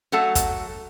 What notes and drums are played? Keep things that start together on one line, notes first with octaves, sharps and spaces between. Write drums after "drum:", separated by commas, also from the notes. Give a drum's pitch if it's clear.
F#3 A3 A4 F#5
drum: kick, hi-hat